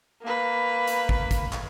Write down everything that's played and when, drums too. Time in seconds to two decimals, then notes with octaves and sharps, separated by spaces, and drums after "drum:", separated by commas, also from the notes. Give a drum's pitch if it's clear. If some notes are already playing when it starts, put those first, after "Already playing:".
0.22 A#3 B4
0.87 drum: hi-hat
1.09 drum: kick
1.31 drum: kick, hi-hat
1.53 drum: clap